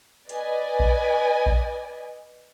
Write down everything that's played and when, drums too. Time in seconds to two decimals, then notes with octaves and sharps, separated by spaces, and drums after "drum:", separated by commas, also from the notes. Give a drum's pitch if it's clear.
0.29 B4 D5 D#5 G#5, drum: hi-hat
0.79 drum: kick A#1
1.46 drum: kick A#1